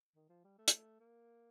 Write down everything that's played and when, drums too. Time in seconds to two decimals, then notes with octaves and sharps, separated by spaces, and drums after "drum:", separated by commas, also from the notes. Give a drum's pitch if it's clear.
0.15 D#3
0.29 F3
0.44 G3
0.58 A3
0.68 drum: hi-hat
1.00 A#3